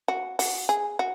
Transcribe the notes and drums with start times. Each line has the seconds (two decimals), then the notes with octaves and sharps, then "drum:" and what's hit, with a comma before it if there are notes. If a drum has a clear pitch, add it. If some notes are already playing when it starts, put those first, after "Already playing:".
0.08 F#4
0.39 F#4, drum: open hi-hat
0.69 G#4
0.99 F#4